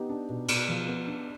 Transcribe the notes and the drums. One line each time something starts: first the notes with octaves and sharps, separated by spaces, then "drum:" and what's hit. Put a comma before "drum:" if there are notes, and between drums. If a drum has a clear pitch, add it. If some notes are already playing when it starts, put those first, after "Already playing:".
Already playing: B3 D#4 G4
D4
B2
B2, drum: cymbal
F3
B3
D4